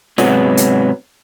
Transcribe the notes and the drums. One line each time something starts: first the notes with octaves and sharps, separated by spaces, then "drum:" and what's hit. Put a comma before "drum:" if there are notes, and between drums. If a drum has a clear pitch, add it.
G#2 C3 F#3 B3 G#4, drum: snare
drum: hi-hat